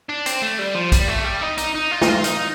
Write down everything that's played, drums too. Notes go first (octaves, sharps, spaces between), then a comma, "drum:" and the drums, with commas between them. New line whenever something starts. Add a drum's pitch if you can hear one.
D4
C4, drum: hi-hat
A3
G3
F3
G3, drum: kick A#1, hi-hat
A3
G3
D#4
D#4, drum: hi-hat
D#4
F4
D#4, drum: snare
F4
D#4, drum: hi-hat